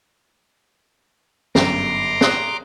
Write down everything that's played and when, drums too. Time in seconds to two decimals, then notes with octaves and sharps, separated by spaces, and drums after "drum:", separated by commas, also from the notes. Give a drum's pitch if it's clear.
1.55 G1 F#2 A#5 C6 D6, drum: snare
2.21 D#6 F#6 C7, drum: snare